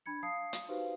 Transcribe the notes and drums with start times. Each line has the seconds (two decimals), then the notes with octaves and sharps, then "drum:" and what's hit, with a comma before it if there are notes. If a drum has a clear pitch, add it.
0.06 D4 B5 G#6 C#7
0.23 F5 A5 D#6 C7 C#7
0.53 drum: hi-hat
0.68 D#4 F#4 G4 B4 C5 F5